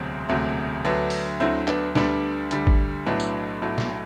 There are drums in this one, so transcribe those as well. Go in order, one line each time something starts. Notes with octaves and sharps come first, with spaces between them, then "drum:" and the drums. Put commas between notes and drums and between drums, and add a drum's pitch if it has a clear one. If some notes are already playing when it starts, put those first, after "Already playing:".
Already playing: E1 D2 C3 F#3 C4
E1 D2 C3 F#3 A3
D2 D3 F#3 A3 B3 D4
drum: open hi-hat
D2 D3 F#3 A3 C4 E4
B3 D4, drum: clap
D2 D3 G3 B3 D4, drum: snare
D2 D3 G3, drum: hi-hat
drum: kick G#1
B1 A2 F#3 A3 B3 D4
drum: tambourine
B1 A2 F#3 A3
drum: snare